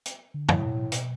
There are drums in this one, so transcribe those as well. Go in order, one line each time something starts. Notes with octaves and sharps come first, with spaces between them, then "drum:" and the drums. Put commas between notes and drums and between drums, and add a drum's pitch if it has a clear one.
drum: hi-hat
D3
A2, drum: tom
B2
B2, drum: hi-hat